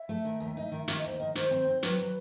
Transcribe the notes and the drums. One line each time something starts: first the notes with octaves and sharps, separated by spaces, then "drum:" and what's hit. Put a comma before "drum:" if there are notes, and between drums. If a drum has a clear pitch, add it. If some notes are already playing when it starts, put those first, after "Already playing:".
Already playing: E5
A3
D#3
D#2
D#4
D#3
D#3 E5, drum: hi-hat
D#5
D#2 C5
D#3 D#5
D#3 C5, drum: hi-hat
C4
C4
F#3 B4, drum: hi-hat
F#3